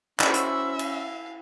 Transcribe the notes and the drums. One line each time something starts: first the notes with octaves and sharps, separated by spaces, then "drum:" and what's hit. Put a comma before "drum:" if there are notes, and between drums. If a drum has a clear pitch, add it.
C#4 E4 F#4 C5 E5, drum: clap
drum: hi-hat
F5, drum: cymbal